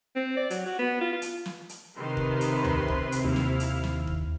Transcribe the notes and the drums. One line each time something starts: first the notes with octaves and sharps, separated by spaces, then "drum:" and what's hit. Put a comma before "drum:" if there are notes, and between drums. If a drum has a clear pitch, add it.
C4
D5
F#3, drum: hi-hat
F#4
B3
F4
F4
drum: hi-hat
drum: snare
drum: hi-hat
C3 D#3 B4 C6
drum: kick
drum: hi-hat
drum: tom C#2
drum: kick
drum: hi-hat
D#2 E4 F5
drum: snare
drum: hi-hat
drum: snare
drum: kick